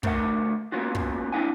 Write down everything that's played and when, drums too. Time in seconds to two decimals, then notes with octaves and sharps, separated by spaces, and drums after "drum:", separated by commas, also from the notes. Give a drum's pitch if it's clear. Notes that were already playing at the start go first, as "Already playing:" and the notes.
0.03 D2 A3 A#4 C5 E5 F#5, drum: kick
0.72 A#3 B3 C#4 F4 F#4
0.95 drum: kick
1.32 C4 D4 E4 F#5 G#5